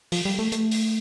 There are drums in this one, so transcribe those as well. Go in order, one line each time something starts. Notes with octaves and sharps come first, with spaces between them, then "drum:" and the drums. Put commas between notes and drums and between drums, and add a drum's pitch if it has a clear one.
F3, drum: open hi-hat
G3
A3
A3, drum: hi-hat
drum: open hi-hat